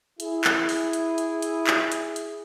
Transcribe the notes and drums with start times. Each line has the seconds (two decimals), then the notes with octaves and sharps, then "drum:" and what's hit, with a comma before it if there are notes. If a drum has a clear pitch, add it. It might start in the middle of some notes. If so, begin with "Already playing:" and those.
0.20 E4 G#4, drum: hi-hat
0.44 drum: clap
0.69 drum: open hi-hat
0.93 drum: hi-hat
1.18 drum: hi-hat
1.42 drum: hi-hat
1.67 drum: clap
1.92 drum: hi-hat
2.16 drum: hi-hat